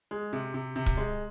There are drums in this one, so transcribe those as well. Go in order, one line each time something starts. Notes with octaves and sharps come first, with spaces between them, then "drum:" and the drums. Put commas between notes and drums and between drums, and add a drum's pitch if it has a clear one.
G#3
C3
C3
C3
drum: kick
G#3